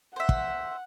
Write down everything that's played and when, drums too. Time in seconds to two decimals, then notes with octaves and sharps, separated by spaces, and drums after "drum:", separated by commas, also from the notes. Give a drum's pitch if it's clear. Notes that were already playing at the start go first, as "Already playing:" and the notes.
0.16 C5 E5 F#5
0.29 drum: kick